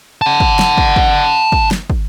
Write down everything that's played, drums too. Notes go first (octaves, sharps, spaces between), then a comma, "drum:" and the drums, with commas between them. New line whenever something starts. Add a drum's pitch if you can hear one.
F#5 A5
drum: kick
drum: snare
drum: kick
drum: kick
drum: kick
drum: snare
drum: kick